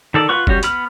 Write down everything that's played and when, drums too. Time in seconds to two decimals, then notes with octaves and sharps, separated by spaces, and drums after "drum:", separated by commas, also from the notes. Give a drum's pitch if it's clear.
0.14 D#3 A4 D5
0.29 F4 B4 F#5 C#6
0.47 G3 C#4 F#4 G4, drum: kick
0.63 B3 B5 F6, drum: hi-hat